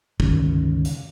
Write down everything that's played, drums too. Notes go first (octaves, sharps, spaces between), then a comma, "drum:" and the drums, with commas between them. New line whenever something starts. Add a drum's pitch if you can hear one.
G1 C#2 D#3 C#4, drum: kick
drum: hi-hat